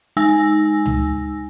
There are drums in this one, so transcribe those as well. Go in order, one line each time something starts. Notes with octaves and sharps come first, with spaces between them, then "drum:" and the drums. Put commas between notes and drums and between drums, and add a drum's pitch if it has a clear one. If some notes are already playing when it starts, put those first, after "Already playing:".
G#3 D#4 G#5 E6 A#6
drum: tom C#2